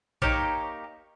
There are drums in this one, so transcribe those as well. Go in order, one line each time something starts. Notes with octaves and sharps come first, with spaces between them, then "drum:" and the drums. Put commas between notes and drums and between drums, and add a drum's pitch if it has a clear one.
A#3 D#4 G4 C#5, drum: kick